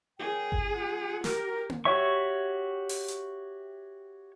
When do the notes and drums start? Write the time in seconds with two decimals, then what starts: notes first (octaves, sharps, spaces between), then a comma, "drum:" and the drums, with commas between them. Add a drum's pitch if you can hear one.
0.20 G#4 A#4 C#5 G5
0.52 drum: kick G1
0.73 F4 F#5
1.24 G4 A#4, drum: snare
1.69 drum: tom A#3
1.85 F#4 G4 C#5 E5 C#6
2.89 drum: open hi-hat
3.08 drum: hi-hat